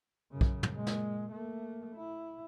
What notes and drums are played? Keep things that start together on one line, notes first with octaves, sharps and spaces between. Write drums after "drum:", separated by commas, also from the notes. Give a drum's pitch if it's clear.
F#2 C#3
drum: kick B1
drum: tom
A#2 G#3
drum: snare
A3 A#3
E4